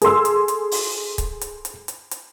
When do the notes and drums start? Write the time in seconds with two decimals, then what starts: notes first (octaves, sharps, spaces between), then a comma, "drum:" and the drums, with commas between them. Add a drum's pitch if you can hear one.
0.02 G#4 A4 C6 E6, drum: hi-hat
0.25 drum: hi-hat
0.48 drum: hi-hat
0.71 drum: open hi-hat
1.18 drum: kick C#1, hi-hat
1.41 drum: hi-hat
1.65 drum: hi-hat
1.88 drum: hi-hat
2.11 drum: hi-hat